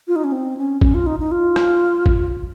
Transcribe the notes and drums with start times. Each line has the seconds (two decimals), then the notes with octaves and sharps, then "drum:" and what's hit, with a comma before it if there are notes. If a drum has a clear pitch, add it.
0.08 F4
0.16 D#4
0.24 C#4
0.32 C4
0.57 C#4
0.81 C#4, drum: kick
0.94 F4
1.07 D#4
1.20 D#4
1.31 F4
1.56 drum: rim click
2.06 drum: kick